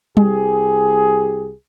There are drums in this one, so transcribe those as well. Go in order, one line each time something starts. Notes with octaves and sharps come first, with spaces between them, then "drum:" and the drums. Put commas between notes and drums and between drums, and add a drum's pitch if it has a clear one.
C2 G4 G#4, drum: tom G3